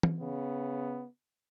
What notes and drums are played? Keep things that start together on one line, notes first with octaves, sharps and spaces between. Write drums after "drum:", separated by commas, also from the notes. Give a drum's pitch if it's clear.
drum: tom
C#3 B3